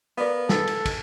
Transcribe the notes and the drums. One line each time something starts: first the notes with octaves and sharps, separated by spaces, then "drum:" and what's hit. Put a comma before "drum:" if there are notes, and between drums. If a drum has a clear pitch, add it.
B3 A#4 D5 F5
A4, drum: snare
drum: cymbal
drum: kick, cymbal